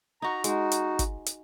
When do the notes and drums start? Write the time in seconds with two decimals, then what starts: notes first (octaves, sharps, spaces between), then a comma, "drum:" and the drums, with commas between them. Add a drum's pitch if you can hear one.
0.22 D#4 F#4 A#5
0.44 G#3 D#4 F#4, drum: hi-hat
0.72 drum: hi-hat
0.99 drum: kick G1, hi-hat
1.26 drum: hi-hat